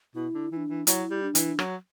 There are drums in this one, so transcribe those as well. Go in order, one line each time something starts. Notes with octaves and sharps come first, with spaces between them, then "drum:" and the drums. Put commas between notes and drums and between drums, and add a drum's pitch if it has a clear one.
B2 E4
D3
E3 E4
D4
E3
F#3 E4, drum: hi-hat
G3
D4
E3, drum: hi-hat
F#3, drum: rim click